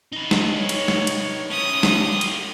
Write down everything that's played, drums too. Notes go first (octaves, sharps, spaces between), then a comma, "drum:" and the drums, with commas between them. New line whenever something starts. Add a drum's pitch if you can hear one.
D#4 B4
drum: snare
C#5
drum: cymbal
drum: snare
drum: cymbal
C#4 E4 D#6
drum: snare
F4 G4
drum: cymbal